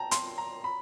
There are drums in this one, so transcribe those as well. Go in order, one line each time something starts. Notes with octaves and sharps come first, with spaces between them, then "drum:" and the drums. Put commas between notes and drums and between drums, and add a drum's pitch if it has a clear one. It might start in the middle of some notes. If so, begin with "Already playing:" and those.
Already playing: G5 A5 A#5
C6, drum: hi-hat
A#5
B5